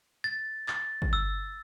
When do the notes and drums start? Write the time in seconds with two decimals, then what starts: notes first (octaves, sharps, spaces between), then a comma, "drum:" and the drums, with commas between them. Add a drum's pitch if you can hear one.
0.24 A6
0.68 A6, drum: clap
1.02 drum: kick
1.13 E6